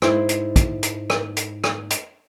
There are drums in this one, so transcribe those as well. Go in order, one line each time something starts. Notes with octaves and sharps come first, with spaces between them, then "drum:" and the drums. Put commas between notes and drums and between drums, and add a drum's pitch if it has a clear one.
G#2 E4 C5, drum: rim click
drum: hi-hat
drum: kick, hi-hat
drum: hi-hat
drum: rim click
drum: hi-hat
drum: rim click
drum: hi-hat